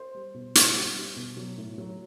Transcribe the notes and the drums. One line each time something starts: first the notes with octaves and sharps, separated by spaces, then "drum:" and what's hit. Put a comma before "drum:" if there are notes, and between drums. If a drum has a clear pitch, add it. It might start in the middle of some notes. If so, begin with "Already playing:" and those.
Already playing: C5
G3
B2
G3, drum: hi-hat
G3
G3
B2
F#3
A2
F#3